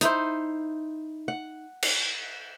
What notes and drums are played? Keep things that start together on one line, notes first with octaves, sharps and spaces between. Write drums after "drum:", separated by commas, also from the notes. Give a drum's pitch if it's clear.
D#4 E4 C5, drum: hi-hat
F#5
drum: cymbal